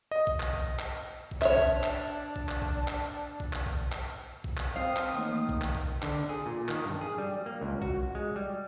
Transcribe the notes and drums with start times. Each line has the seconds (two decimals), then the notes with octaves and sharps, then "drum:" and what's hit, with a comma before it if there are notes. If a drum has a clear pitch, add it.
0.11 D#5
0.27 drum: kick A#1
0.40 drum: clap
0.53 drum: kick A#1
0.79 drum: clap
1.31 drum: kick A#1
1.42 D4 C#5 E5, drum: clap
1.57 drum: kick A#1
1.84 drum: clap
2.36 drum: kick A#1
2.49 drum: clap
2.62 drum: kick A#1
2.88 drum: clap
3.40 drum: kick A#1
3.53 drum: clap
3.66 drum: kick A#1
3.92 drum: clap
4.44 drum: kick A#1
4.57 drum: clap
4.76 C4 F5 D#6
4.96 drum: clap
5.14 D#3 E3 A3 A#3
5.49 drum: kick A#1
5.62 drum: clap
5.75 drum: kick A#1
6.02 D3, drum: clap
6.29 G#4
6.46 A#2
6.69 D#3, drum: clap
6.85 G2
7.01 G#4
7.18 G3
7.46 A#3
7.61 C#2
7.82 F#4, drum: kick A#1
8.15 G#3
8.36 G3